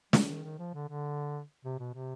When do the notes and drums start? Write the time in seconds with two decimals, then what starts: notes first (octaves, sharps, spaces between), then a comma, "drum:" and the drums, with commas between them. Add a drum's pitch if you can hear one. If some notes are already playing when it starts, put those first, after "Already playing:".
0.13 G3, drum: snare
0.29 D#3
0.43 D#3
0.59 F3
0.74 D3
0.88 D3
1.65 C3
1.79 B2
1.94 C3